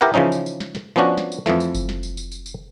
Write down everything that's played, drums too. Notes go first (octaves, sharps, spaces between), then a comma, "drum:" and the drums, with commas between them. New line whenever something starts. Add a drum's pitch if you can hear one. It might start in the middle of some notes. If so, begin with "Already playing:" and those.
E4 G4 A#4 B4 F#5
C#3 E3 F3 C#4 D#4
drum: tambourine
drum: tambourine
drum: snare
drum: snare
F3 B3 C#4 D4 F#4
drum: snare
drum: tambourine
F2 E3 F3 A3, drum: snare
drum: tambourine
drum: kick F#1, tambourine
drum: snare
drum: tambourine
drum: tambourine
drum: tambourine
drum: tambourine